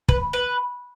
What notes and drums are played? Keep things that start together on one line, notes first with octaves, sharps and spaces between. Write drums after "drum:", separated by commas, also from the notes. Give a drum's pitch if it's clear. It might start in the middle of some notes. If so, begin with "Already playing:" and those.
B4, drum: kick
B4